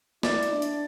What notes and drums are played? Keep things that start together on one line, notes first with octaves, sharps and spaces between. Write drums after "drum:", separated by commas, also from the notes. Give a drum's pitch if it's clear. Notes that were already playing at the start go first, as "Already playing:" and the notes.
E4 D5, drum: snare
drum: hi-hat
D4
drum: hi-hat